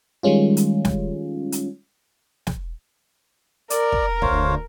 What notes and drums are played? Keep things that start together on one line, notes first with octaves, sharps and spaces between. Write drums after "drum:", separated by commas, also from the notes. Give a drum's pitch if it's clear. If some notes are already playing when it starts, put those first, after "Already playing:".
D#3 G3 G#3 C#4 F4
drum: hi-hat
drum: snare
drum: hi-hat
drum: snare
A#4 D5, drum: hi-hat
drum: kick
D2 C5 C#5 F5, drum: kick